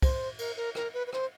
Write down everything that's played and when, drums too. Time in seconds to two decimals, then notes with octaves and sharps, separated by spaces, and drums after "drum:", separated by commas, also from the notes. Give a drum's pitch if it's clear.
0.02 C5, drum: kick, cymbal
0.39 A#4, drum: cymbal
0.57 A#4
0.75 A#4, drum: rim click
0.94 B4
1.07 B4
1.13 C5, drum: rim click